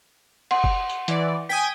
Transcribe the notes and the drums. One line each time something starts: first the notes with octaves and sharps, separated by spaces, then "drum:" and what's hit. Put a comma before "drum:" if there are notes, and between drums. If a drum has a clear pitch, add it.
F#5 C6, drum: cymbal
drum: kick
drum: tambourine
E3 D5, drum: hi-hat
G5 G#5 D#6 B6